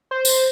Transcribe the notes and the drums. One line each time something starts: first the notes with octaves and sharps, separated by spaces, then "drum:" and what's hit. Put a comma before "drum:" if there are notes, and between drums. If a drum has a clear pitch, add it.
C5
drum: tambourine